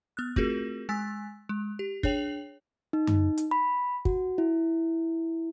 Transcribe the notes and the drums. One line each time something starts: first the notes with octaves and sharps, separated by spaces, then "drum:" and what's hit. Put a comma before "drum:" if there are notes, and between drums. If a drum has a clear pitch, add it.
B3 F6 F#6
A3 C4 F4 F#4 G#4 A#4, drum: kick
G#3 G#5 E6 A6 B6
G#3
G4
D4 G#4 C#5 G5 F7 F#7, drum: kick
D#4
drum: tom F#2
drum: hi-hat
B5
F#4, drum: kick
E4